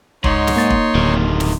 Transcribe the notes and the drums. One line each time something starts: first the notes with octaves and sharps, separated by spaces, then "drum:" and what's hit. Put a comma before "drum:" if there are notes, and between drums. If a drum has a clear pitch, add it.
C#2 G#2 D#4 C#5 C6, drum: kick
drum: snare
A#3 A6
drum: kick
D1 C3 D#3
drum: snare